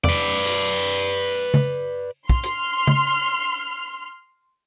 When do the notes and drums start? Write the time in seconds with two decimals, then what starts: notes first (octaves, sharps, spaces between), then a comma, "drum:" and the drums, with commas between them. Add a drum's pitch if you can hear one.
0.04 B4 D5, drum: tom E2
0.45 drum: open hi-hat
1.54 drum: tom C#3
2.29 C6 F6, drum: kick
2.43 drum: hi-hat
2.87 drum: tom C#3